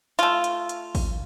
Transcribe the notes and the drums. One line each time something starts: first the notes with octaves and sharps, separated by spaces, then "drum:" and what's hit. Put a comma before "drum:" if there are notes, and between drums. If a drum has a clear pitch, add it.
A3 F4, drum: hi-hat
drum: hi-hat
drum: hi-hat
drum: kick A1, open hi-hat